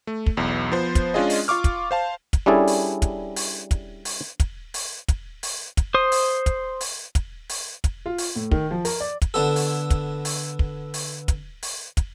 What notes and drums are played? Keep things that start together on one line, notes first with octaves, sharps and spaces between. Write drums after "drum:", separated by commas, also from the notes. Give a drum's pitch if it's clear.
A3
drum: kick
B1 E2
F3 B3 C5
drum: kick, hi-hat
G#3 C#4 D4 F4 G#4 D#5
drum: open hi-hat
F4 F5 C#6 D6 F6
drum: kick, hi-hat
C5 F5 A5
drum: kick, hi-hat
G3 C#4 D4 E4 G#4 A4
drum: open hi-hat
drum: kick, hi-hat
drum: open hi-hat
drum: kick, hi-hat
drum: open hi-hat
drum: kick, hi-hat
drum: open hi-hat
drum: kick, hi-hat
drum: open hi-hat
drum: kick, hi-hat
C5 D#6
drum: open hi-hat
drum: kick, hi-hat
drum: open hi-hat
drum: kick, hi-hat
drum: open hi-hat
drum: kick, hi-hat
F4
drum: open hi-hat
A2
D#3, drum: kick
F3
A#4, drum: open hi-hat
D5
drum: kick, hi-hat
D3 B3 A4
drum: open hi-hat
drum: kick, hi-hat
drum: open hi-hat
drum: kick
drum: open hi-hat
drum: kick, hi-hat
drum: open hi-hat
drum: kick, hi-hat